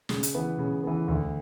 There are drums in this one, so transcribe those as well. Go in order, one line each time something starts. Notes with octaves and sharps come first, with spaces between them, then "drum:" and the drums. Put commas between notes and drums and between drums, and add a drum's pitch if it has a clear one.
C#3, drum: snare
drum: hi-hat
E3 B3
C#3
E3 B3
D2